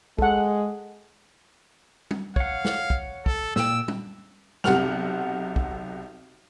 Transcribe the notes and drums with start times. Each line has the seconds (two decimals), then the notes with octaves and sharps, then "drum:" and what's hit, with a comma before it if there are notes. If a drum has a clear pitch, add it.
0.18 G#3 A4 F#5, drum: kick
2.11 drum: tom
2.36 C#5 F5 F#5, drum: kick
2.65 drum: snare
2.90 drum: kick
3.26 A4, drum: kick
3.56 A#2 G5 E6, drum: snare
3.88 drum: tom
4.64 B1 C3 G4 F#5 F6 F7, drum: snare
5.56 drum: kick